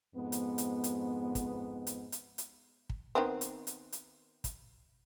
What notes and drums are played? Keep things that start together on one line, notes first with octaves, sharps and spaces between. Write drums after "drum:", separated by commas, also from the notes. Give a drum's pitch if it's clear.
F2 G#2 B3
drum: hi-hat
drum: hi-hat
drum: hi-hat
drum: kick, hi-hat
drum: hi-hat
drum: hi-hat
drum: hi-hat
drum: kick
D#3 B3 C4
drum: hi-hat
drum: hi-hat
drum: hi-hat
drum: kick, hi-hat